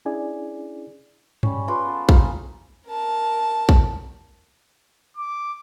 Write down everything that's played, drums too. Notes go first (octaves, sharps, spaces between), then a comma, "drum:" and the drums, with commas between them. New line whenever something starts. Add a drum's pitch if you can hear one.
C#4 D4 E4 G#4 D5 G#5
G3 C#4, drum: tom G2
F4 B4 C6 D6
B3 A4
A#3 F4 G#4, drum: kick
A#4 A5
drum: kick
D6